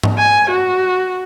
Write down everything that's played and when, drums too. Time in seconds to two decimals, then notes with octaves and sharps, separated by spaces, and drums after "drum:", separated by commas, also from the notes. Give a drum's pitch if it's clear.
0.03 drum: tom G#2
0.18 G#5
0.51 F#4